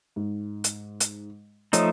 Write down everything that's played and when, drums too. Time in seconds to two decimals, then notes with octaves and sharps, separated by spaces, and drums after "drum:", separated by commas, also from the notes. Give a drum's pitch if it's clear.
0.16 G#2
0.64 drum: hi-hat
1.00 drum: hi-hat
1.73 F3 A3 D#4 C#5 D#6, drum: hi-hat